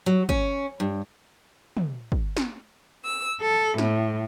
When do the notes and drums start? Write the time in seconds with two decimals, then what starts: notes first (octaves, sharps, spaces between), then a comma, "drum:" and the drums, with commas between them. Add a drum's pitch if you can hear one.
0.06 F#3
0.29 C#4, drum: kick
0.80 G2
1.77 drum: tom
2.12 drum: kick
2.37 drum: snare
3.05 E6
3.39 A4
3.78 A2, drum: snare